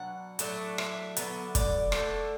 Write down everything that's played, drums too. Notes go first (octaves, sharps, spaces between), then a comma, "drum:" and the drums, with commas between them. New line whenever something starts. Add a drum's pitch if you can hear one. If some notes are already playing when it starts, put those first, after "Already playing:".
Already playing: B2 F#3 D4 F#5
A2 F#3 A3 D4, drum: hi-hat
E5, drum: rim click
D3 F#3 B3 D4, drum: hi-hat
D5, drum: kick, hi-hat
D3 A3 D4, drum: rim click